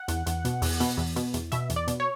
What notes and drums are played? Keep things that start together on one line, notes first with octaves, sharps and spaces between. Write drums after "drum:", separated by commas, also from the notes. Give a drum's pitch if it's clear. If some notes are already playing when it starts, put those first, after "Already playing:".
Already playing: F#5
E2, drum: hi-hat
E2, drum: hi-hat
B2, drum: hi-hat
E2, drum: open hi-hat
B2, drum: hi-hat
E2
B2, drum: hi-hat
E2, drum: hi-hat
B2 E5, drum: hi-hat
E2, drum: hi-hat
D5
B2, drum: hi-hat
C#5